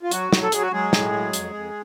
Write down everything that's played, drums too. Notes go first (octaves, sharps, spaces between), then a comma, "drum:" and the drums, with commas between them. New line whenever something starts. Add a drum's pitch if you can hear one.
F4
F#3 F#4, drum: hi-hat
F#3, drum: snare
A4
F#3 G#4, drum: hi-hat
F#4
F#3 G#3 G#4
A2, drum: snare
F#3
F2, drum: hi-hat
F2